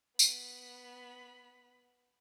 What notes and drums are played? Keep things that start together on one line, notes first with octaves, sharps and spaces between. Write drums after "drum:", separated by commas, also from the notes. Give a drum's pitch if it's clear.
B3 B5, drum: tambourine